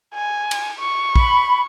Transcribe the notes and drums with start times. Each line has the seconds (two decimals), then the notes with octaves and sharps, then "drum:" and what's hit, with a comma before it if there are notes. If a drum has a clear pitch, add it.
0.14 G#5
0.51 drum: cymbal
0.79 C#6
1.16 B5, drum: kick